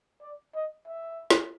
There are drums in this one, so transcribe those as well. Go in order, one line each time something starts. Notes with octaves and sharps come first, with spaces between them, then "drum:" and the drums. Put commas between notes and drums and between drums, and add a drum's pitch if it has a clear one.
D5
D#5
E5
drum: snare